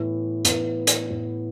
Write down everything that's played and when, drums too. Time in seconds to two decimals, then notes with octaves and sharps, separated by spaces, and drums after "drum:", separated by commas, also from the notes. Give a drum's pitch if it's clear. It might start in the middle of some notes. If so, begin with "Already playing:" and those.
Already playing: A2 E3 B3 E4
0.45 A2 E3 B3 E4, drum: hi-hat
0.87 drum: hi-hat
1.10 A2 E3 B3 E4